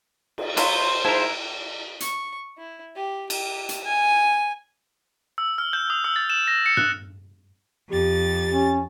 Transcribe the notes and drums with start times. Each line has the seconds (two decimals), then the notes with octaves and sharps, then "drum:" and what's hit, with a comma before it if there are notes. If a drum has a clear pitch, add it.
0.38 drum: cymbal
0.57 F#3 E4 F4 C5, drum: cymbal
1.05 G#2 F3 E4 A#4
2.00 C#6, drum: hi-hat
2.58 E4
2.96 G4
3.30 G4, drum: cymbal
3.69 drum: hi-hat
3.84 G#5
5.38 E6
5.58 F6
5.73 G6
5.90 D#6
6.04 E6
6.16 A6
6.30 E7
6.48 A#6
6.66 C#7
6.77 F#6, drum: tom G2
7.90 F2 G4 A6
8.50 C#4